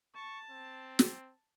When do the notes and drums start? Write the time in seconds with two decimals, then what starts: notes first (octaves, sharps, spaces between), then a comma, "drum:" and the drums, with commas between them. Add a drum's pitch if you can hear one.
0.15 A5 C#6
0.50 C4
0.99 drum: snare